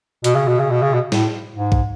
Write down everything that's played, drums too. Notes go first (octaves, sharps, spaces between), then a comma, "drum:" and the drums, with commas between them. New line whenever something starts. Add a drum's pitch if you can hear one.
B2, drum: hi-hat
C#3
B2
C#3
B2
C#3
B2
A2, drum: snare
G#2
drum: kick A#1